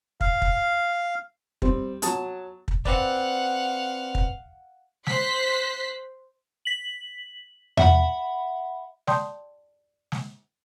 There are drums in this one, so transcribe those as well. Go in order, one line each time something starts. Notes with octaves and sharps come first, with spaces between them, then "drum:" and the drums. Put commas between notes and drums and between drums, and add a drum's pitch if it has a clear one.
F5, drum: kick
drum: kick
G3 C4, drum: kick
F#3 A5 D#6, drum: hi-hat
drum: kick
C4 B4 D5 F5 F#5, drum: kick
drum: kick
C5 F#6 B6 C7, drum: snare
B6 F#7
E5 F#5 B5, drum: tom E2
D5 G5 A5 C6 D#6 G6, drum: snare
drum: snare